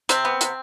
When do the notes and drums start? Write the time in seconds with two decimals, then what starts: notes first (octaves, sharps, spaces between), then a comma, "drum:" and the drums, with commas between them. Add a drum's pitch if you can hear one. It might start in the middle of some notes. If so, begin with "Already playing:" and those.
0.09 C3 C4, drum: hi-hat
0.25 B3
0.41 C3, drum: hi-hat